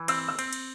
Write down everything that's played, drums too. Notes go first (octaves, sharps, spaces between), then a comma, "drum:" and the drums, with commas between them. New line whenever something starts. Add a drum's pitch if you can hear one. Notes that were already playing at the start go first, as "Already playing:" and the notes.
Already playing: E3
C4 E6, drum: cymbal
E6
C4, drum: cymbal
drum: cymbal